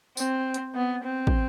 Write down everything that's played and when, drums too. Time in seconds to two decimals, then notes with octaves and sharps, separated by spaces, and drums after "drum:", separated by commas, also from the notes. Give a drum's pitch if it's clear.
0.17 C4, drum: tambourine
0.54 drum: hi-hat
0.75 B3
1.04 C4
1.27 drum: kick